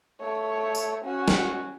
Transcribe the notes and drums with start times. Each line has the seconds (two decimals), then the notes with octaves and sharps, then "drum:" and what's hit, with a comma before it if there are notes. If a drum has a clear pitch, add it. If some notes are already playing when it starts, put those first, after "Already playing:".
0.21 A3 C#5
0.75 drum: tambourine
1.05 C#4 F#4
1.28 drum: snare